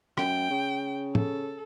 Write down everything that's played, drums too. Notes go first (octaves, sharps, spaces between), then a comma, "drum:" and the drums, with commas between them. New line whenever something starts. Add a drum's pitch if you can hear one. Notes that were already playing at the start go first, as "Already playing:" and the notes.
F#2 G5, drum: rim click
C#3
A4, drum: tom